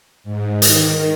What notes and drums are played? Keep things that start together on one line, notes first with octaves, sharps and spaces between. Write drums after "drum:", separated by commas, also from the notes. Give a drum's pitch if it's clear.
G#2
D#3, drum: hi-hat